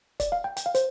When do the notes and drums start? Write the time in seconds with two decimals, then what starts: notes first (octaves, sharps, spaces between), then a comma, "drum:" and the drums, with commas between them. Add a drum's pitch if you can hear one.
0.20 D5, drum: kick, hi-hat
0.32 F5
0.44 G5
0.57 G5, drum: hi-hat
0.66 F5
0.75 C5, drum: hi-hat